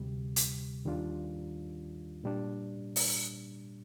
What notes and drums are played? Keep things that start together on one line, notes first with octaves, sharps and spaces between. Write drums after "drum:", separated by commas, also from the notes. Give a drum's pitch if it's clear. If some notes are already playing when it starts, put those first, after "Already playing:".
Already playing: D2 C3 G3
drum: hi-hat
D#2 D#3 G3 D4 F4
A#2 G3 D4
drum: open hi-hat